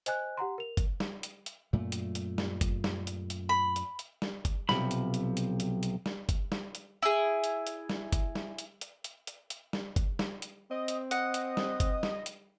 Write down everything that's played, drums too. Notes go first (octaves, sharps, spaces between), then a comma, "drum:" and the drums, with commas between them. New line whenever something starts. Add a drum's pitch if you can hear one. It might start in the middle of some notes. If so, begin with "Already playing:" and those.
C5 D#5 G#5 F#6, drum: hi-hat
G4 F#5 A#5 C6
A#4 F7
drum: kick, hi-hat
drum: snare
drum: hi-hat
drum: hi-hat
F#2 A#2 A3
drum: hi-hat
drum: hi-hat
drum: snare
drum: kick, hi-hat
drum: snare
drum: hi-hat
drum: hi-hat
B5
drum: hi-hat
drum: hi-hat
drum: snare
drum: kick, hi-hat
B1 C3 F3 B5, drum: snare
drum: hi-hat
drum: hi-hat
drum: hi-hat
drum: hi-hat
drum: hi-hat
drum: snare
drum: kick, hi-hat
drum: snare
drum: hi-hat
E4 G#4
drum: hi-hat
drum: hi-hat
drum: snare
drum: kick, hi-hat
drum: snare
drum: hi-hat
drum: hi-hat
drum: hi-hat
drum: hi-hat
drum: hi-hat
drum: snare
drum: kick, hi-hat
drum: snare
drum: hi-hat
C4 D#5 D#6
drum: hi-hat
D#5 F#5 D#6, drum: hi-hat
drum: hi-hat
drum: snare
drum: kick, hi-hat
drum: snare
drum: hi-hat